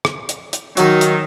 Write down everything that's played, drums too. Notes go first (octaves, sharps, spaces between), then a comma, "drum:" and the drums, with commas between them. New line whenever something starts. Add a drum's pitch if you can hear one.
drum: rim click
drum: hi-hat
drum: hi-hat
D#3 F#3 D#4, drum: hi-hat
drum: hi-hat